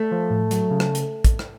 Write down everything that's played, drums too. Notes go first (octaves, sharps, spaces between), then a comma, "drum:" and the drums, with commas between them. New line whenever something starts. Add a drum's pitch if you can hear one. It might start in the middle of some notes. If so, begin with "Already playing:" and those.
Already playing: A3
F3
A2
F#3, drum: hi-hat
C#3
drum: rim click
drum: hi-hat
drum: kick, hi-hat
drum: rim click